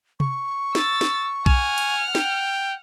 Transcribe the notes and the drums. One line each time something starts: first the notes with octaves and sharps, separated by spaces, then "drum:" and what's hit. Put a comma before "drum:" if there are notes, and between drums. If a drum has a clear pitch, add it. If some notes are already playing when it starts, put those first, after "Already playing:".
C#6, drum: tom C3
E6 A6, drum: snare
drum: snare
F#5 G#5 F6, drum: kick B1
drum: cymbal
G5, drum: snare